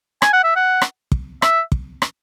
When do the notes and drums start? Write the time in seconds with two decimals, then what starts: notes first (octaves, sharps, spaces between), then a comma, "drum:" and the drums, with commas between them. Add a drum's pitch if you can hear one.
0.22 G#5, drum: rim click
0.33 F#5
0.44 E5
0.56 F#5
0.82 drum: rim click
1.12 drum: kick
1.42 E5, drum: rim click
1.72 drum: kick
2.02 drum: rim click